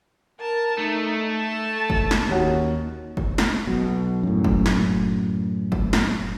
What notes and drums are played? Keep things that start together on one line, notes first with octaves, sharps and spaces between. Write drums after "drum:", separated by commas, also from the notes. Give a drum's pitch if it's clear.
A#4 A5
A3 D#4
A5
drum: kick
drum: snare
D#2 C#4 D#4 F#4
drum: kick
drum: snare
B1 B2
F#2 A2
drum: kick
drum: snare
drum: kick
drum: snare